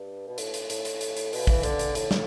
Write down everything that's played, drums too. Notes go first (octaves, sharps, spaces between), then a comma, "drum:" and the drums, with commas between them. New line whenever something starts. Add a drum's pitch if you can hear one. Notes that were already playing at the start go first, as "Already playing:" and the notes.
Already playing: G2
B2
A2, drum: hi-hat
drum: hi-hat
A2, drum: hi-hat
drum: hi-hat
drum: hi-hat
drum: hi-hat
B2, drum: open hi-hat
E3, drum: kick
D3, drum: hi-hat
drum: hi-hat
A2, drum: hi-hat
drum: snare